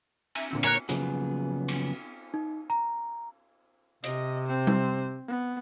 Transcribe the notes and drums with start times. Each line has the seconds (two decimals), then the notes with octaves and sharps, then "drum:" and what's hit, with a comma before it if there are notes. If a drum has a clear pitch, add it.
0.35 E5 G#5 A#5, drum: cymbal
0.51 A#2 D3 C4
0.64 A#4 C#5 F#6
0.89 C#3 F3 F#3 A#3 B3 G#4, drum: hi-hat
1.68 drum: cymbal
2.34 D#4
2.70 A#5
4.04 C3 D#5, drum: hi-hat
4.47 C4 C5
4.67 drum: tom G3
5.28 B3